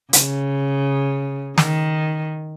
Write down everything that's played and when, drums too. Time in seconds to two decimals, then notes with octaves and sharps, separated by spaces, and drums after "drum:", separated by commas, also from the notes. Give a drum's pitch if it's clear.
0.13 C#3, drum: hi-hat
1.58 D#3, drum: snare